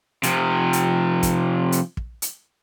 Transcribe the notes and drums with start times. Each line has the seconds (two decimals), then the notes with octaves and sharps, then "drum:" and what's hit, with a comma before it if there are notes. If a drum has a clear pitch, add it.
0.23 C3 F3, drum: hi-hat
0.73 drum: hi-hat
1.23 drum: kick, hi-hat
1.72 drum: hi-hat
1.97 drum: kick
2.22 drum: hi-hat